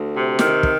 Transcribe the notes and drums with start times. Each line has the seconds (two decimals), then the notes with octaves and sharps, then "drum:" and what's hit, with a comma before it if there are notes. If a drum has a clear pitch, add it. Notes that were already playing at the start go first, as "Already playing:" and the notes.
Already playing: D2
0.15 C3
0.39 D#3, drum: snare
0.63 drum: kick